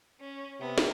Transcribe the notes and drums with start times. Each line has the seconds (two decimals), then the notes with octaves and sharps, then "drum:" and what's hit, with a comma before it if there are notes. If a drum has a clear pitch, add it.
0.20 C#4
0.60 C3 B3
0.78 drum: snare